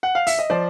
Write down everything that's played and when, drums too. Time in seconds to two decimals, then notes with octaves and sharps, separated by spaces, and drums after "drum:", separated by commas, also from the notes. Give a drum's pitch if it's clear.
0.03 F#5
0.15 F5
0.27 E5, drum: open hi-hat
0.39 D#5
0.50 F3 C5 D5